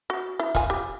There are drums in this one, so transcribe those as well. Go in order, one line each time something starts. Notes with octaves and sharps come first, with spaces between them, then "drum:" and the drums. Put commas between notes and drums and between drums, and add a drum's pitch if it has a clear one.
F#4
E4
F4 G#5, drum: kick, hi-hat
G4